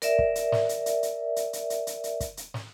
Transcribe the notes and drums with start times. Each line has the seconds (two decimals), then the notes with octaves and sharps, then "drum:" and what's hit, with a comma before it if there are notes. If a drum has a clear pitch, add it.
0.02 A#4 D5 E5, drum: hi-hat
0.19 drum: kick
0.35 drum: hi-hat
0.52 drum: snare
0.69 drum: hi-hat
0.86 drum: hi-hat
1.03 drum: hi-hat
1.36 drum: hi-hat
1.53 drum: hi-hat
1.70 drum: hi-hat
1.87 drum: hi-hat
2.04 drum: hi-hat
2.20 drum: kick, hi-hat
2.37 drum: hi-hat
2.54 drum: snare